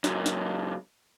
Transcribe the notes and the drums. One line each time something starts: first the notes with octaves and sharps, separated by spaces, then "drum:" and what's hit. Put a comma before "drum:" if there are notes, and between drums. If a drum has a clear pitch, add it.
C#2 F#2, drum: snare
drum: snare